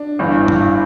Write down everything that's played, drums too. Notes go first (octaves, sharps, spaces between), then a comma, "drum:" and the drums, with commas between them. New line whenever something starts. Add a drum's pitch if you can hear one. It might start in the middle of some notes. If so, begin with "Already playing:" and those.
Already playing: D4
G1 G2 E3
drum: tom G2